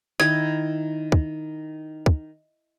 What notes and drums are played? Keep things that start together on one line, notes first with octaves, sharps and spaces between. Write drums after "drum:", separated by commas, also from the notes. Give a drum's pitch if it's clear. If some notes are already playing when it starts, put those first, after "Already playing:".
D#3 D#4 E4 G#6, drum: snare
drum: kick
drum: kick